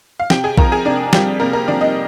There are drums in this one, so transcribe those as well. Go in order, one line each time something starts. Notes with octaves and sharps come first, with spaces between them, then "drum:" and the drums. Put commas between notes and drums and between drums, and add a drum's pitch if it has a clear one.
F5
C3 G4 G5, drum: snare
G#4 G#5
F3 A#4 A#5, drum: kick A#1
G#4 G#5
C3 D4 D5
F3 G3 G4, drum: snare
C3 A#3 A#4
A#3 A#4
F3 D4 D5
D#4 D#5